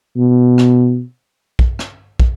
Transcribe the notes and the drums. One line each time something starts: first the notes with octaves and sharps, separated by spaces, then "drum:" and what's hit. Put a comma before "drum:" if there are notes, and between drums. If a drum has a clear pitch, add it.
B2
drum: rim click
drum: kick
drum: rim click
drum: kick